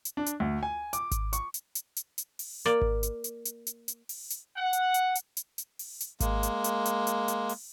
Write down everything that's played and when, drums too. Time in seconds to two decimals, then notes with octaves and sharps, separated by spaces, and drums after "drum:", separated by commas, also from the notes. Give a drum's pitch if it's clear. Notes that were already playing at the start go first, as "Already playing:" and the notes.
0.05 drum: hi-hat
0.17 D4
0.26 drum: hi-hat
0.40 D2
0.63 G#5
0.93 D6, drum: hi-hat
1.11 drum: kick G#1, hi-hat
1.33 C#6, drum: hi-hat
1.54 drum: hi-hat
1.75 drum: hi-hat
1.96 drum: hi-hat
2.18 drum: hi-hat
2.39 drum: open hi-hat
2.66 A#3 D5
2.82 drum: kick G#1
3.03 drum: hi-hat
3.24 drum: hi-hat
3.45 drum: hi-hat
3.67 drum: hi-hat
3.88 drum: hi-hat
4.09 drum: open hi-hat
4.30 drum: hi-hat
4.57 F#5
4.73 drum: hi-hat
4.94 drum: hi-hat
5.15 drum: hi-hat
5.37 drum: hi-hat
5.58 drum: hi-hat
5.79 drum: open hi-hat
6.00 drum: hi-hat
6.20 G#3 A#3, drum: kick G#1, hi-hat
6.43 drum: hi-hat
6.64 drum: hi-hat
6.85 drum: hi-hat
7.07 drum: hi-hat
7.28 drum: hi-hat
7.49 drum: open hi-hat